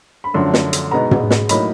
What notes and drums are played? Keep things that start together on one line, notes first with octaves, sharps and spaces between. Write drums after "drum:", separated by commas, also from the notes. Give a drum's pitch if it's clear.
B5
F#2 D3 F3 A3 D4 C6
drum: snare
drum: hi-hat
B2 G#3 B3 D#4 A#5
drum: tom
drum: snare
A2 F#3 A#3 D#4 B5, drum: hi-hat